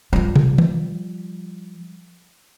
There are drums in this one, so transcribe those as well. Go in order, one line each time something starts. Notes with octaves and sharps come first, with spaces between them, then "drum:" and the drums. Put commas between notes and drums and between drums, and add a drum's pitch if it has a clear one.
F3 G3
drum: tom
drum: tom D#3